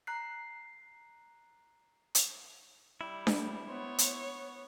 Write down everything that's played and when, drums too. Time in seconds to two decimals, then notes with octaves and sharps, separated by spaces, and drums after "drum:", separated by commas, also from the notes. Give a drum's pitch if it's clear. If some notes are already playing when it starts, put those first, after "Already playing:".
0.07 A#5 F#6 C7
2.15 drum: hi-hat
3.01 G3 E4
3.27 drum: snare D4
3.69 B3 C5 C#5
3.98 drum: hi-hat